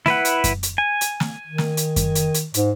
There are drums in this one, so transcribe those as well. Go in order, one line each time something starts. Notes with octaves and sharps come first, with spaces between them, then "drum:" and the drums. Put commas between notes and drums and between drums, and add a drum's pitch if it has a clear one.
E4 B4 F#5, drum: snare
drum: hi-hat
drum: kick F#2, hi-hat
drum: hi-hat
G#5
drum: hi-hat
drum: snare
D#3
drum: snare
drum: hi-hat
drum: kick F#2, hi-hat
drum: hi-hat
drum: hi-hat
G#2, drum: hi-hat